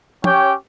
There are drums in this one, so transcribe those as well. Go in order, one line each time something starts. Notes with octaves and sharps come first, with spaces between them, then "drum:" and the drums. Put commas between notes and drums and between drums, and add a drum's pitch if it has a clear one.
C#4 G4 C#5 G5, drum: tom